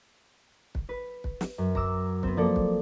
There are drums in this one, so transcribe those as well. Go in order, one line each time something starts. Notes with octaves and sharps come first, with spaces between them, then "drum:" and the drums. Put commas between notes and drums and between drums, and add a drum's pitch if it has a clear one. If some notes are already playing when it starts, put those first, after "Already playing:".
drum: kick
B4
drum: kick
drum: snare
F#2
A#5 D6 E6, drum: kick
B3 C4, drum: kick
F3 A#3 A4 D5
drum: kick